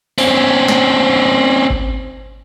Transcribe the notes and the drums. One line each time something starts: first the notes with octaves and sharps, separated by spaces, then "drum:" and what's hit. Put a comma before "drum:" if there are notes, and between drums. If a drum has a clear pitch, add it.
C4 C#4, drum: open hi-hat
drum: snare
drum: kick G#1